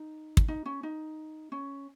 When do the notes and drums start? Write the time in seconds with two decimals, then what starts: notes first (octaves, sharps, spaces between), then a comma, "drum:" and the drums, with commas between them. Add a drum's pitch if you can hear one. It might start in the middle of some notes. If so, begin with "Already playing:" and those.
Already playing: D#4
0.37 drum: kick
0.48 D#4
0.66 C#4
0.83 D#4
1.52 C#4